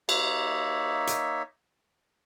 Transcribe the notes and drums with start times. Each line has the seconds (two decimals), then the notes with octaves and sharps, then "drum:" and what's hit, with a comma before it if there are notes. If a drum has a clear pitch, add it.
0.09 A#3 D#4 C#5 E5, drum: cymbal
1.07 drum: hi-hat